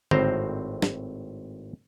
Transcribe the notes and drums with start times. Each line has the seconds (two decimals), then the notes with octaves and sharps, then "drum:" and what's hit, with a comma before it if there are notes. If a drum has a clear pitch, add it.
0.11 G#1 A2 C4 C5 A#5, drum: tom D3
0.82 drum: snare